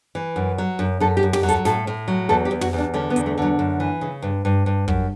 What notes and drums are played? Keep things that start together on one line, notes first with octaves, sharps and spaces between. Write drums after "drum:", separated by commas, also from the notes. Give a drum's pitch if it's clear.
E3
F#2
F#3
F#2
F#2 A4
G4
F#2
G4, drum: tom
F#3
A4, drum: hi-hat
A2 A4, drum: snare
A2
F#3
E2 A4
G4
E2
F#4, drum: tom
E2
D4
D3 C#4
B3
E2, drum: hi-hat
A3
D3 F#3
F#2
E3
C#3
G2
G2
G2
F#2, drum: kick